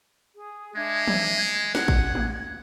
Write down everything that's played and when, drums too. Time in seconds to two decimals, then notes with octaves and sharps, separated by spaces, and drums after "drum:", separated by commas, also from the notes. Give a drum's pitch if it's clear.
0.34 G#4
0.76 G#3 D4 E5 G#6
1.08 drum: tom
1.75 F#5 G#6, drum: snare
1.88 drum: kick
2.15 drum: tom G#3